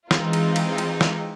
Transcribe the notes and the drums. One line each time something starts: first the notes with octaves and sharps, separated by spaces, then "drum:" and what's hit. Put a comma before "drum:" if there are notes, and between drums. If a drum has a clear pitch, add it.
E3 G#3 C4 D#4 F4, drum: snare
drum: cymbal
drum: cymbal
drum: cymbal
drum: snare